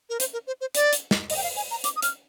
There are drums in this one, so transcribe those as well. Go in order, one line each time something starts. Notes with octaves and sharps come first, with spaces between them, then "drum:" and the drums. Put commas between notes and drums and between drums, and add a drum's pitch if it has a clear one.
A#4
C5, drum: hi-hat
A#4
C5
C5
D5, drum: hi-hat
drum: hi-hat
drum: snare
D#5, drum: open hi-hat
G5
F5
G#5
A#5
D6, drum: hi-hat
D#6
F6, drum: hi-hat